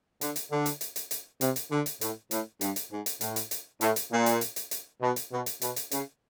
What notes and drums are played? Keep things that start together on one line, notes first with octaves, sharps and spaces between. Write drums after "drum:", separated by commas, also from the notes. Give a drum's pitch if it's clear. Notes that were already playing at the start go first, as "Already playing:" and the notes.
D3, drum: hi-hat
drum: hi-hat
D3
drum: hi-hat
drum: hi-hat
drum: hi-hat
drum: hi-hat
C3, drum: hi-hat
drum: hi-hat
D3
drum: hi-hat
A2, drum: hi-hat
A2, drum: hi-hat
G2, drum: hi-hat
drum: hi-hat
G#2
drum: hi-hat
A2, drum: hi-hat
drum: hi-hat
drum: hi-hat
A2, drum: hi-hat
drum: hi-hat
A#2
drum: hi-hat
drum: hi-hat
drum: hi-hat
drum: hi-hat
B2
drum: hi-hat
B2
drum: hi-hat
B2, drum: hi-hat
drum: hi-hat
C#3, drum: hi-hat